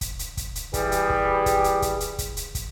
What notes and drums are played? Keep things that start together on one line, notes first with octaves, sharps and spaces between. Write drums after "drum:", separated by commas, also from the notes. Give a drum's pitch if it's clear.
drum: kick, hi-hat
drum: hi-hat
drum: kick, hi-hat
drum: hi-hat
E3 G3 G4 G#4, drum: kick, hi-hat
drum: hi-hat
drum: kick
drum: kick, hi-hat
drum: hi-hat
drum: kick, hi-hat
drum: hi-hat
drum: kick, hi-hat
drum: hi-hat
drum: kick, hi-hat